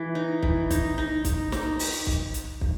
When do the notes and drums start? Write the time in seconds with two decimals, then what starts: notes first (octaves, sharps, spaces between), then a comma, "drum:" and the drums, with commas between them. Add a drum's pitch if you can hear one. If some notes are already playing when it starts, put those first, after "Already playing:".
Already playing: E3
0.15 D#4
0.43 E3, drum: kick
0.70 D#4, drum: kick, hi-hat
0.98 D#4
1.25 D#4, drum: kick, hi-hat
1.52 D#4, drum: snare
1.79 drum: open hi-hat
2.07 drum: kick
2.34 drum: hi-hat
2.61 drum: kick